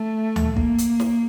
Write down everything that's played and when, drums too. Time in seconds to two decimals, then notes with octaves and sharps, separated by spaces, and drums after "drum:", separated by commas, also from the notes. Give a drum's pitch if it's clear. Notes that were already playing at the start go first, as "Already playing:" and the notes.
Already playing: A3
0.36 drum: tom D2
0.57 A#3, drum: kick
0.78 drum: hi-hat
1.00 drum: snare